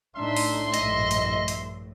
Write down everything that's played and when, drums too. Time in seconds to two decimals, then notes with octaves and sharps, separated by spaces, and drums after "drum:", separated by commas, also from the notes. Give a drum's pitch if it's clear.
0.16 A2 D4 D#4 E5 C6
0.36 drum: open hi-hat
0.74 A#1 G2 D#5, drum: hi-hat
1.11 drum: hi-hat
1.48 drum: hi-hat